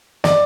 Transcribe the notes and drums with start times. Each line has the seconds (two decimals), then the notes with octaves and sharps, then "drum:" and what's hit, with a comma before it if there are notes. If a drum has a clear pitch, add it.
0.24 D5, drum: snare